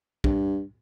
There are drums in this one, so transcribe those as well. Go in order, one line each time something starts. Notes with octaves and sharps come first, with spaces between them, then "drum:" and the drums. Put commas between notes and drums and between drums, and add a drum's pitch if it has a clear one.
G2, drum: kick